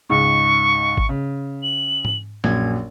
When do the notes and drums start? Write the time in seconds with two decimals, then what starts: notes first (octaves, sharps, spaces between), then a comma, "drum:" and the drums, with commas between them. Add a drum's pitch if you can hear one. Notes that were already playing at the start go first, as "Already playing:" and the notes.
0.10 C#2 G#2 C#6
0.97 drum: kick G#1
1.09 C#3
1.63 F#7
2.05 drum: tom G#2
2.44 A#1 F#2 G#6, drum: snare